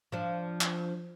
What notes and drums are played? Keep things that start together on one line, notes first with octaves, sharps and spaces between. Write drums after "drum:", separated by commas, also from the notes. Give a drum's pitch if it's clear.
F3 D4
drum: clap